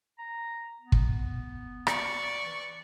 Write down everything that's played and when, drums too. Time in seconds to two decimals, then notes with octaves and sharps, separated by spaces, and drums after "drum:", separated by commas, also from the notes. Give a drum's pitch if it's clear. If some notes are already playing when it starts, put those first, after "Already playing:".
0.19 A#5
0.80 B3
0.92 drum: kick
1.87 D5 C#6, drum: rim click
2.45 E3